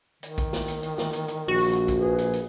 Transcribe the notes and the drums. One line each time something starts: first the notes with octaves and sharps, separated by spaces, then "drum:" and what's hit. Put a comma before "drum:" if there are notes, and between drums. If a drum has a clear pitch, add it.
D#3, drum: hi-hat
drum: kick A#1, hi-hat
drum: snare
drum: hi-hat
drum: hi-hat
drum: snare
drum: hi-hat
drum: hi-hat
A#1 F#4
drum: open hi-hat
drum: hi-hat
drum: kick A#1, hi-hat
G#4 B4
drum: hi-hat
drum: hi-hat